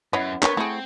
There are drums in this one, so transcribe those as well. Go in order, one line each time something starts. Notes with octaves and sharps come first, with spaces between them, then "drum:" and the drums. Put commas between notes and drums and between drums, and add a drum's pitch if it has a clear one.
F#2 B3 E4 C#5 D#5
B3 D4 A#4 B4 C#5, drum: clap
A3 C4 E4 G#4 C5 F#5